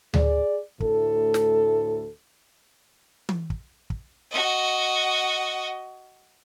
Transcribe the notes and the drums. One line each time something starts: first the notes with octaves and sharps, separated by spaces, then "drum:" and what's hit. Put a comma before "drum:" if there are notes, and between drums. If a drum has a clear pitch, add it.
G#4 D5, drum: tom D2
D2 A2 A4, drum: kick
drum: snare
drum: tom
drum: kick
drum: kick
F#4 D#5